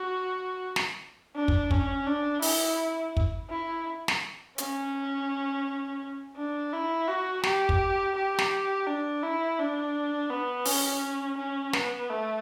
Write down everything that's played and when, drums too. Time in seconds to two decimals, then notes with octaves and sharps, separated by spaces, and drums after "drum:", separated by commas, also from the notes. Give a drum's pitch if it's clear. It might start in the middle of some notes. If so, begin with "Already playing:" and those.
Already playing: F#4
0.76 drum: snare
1.35 D4
1.48 drum: kick
1.71 C#4, drum: kick
2.07 D4
2.42 E4, drum: open hi-hat
3.17 drum: kick
3.50 E4
4.08 drum: snare
4.58 C#4, drum: hi-hat
6.36 D4
6.73 E4
7.08 F#4
7.43 G4, drum: snare
7.69 drum: kick
8.15 G4
8.39 drum: snare
8.86 D4
9.23 E4
9.58 D4
10.30 B3
10.65 C#4, drum: open hi-hat
11.37 C#4
11.73 B3, drum: snare
12.09 A3